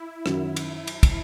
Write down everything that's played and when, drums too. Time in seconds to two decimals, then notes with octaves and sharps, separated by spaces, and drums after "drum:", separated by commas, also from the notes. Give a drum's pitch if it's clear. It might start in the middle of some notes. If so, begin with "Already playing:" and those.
Already playing: E4
0.26 F#2 D#3 F#3, drum: rim click
0.56 drum: cymbal
0.87 drum: cymbal
1.03 drum: kick, cymbal